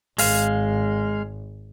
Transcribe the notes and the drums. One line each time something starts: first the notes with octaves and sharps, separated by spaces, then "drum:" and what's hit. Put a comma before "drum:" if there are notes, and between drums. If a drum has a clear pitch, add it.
G#1 G#3 F5, drum: open hi-hat